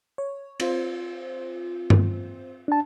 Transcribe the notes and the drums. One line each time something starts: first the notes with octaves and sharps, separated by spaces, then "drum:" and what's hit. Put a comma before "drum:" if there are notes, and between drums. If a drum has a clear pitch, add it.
C#5
C4 F4 C5, drum: cymbal
drum: tom G2
D4 A5